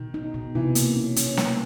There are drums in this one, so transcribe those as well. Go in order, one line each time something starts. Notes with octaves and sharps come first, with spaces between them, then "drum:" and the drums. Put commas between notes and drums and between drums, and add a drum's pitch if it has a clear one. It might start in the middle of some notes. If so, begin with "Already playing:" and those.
Already playing: B2 D#3
D#4
B2
C3 E3
A#3, drum: hi-hat
C#4
C#4, drum: hi-hat
A#3, drum: snare